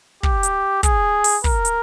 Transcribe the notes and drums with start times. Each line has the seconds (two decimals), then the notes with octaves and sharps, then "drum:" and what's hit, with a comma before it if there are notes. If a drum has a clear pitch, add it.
0.23 G4, drum: kick
0.43 drum: hi-hat
0.83 G#4, drum: kick, hi-hat
1.24 drum: open hi-hat
1.44 A#4, drum: kick
1.65 drum: hi-hat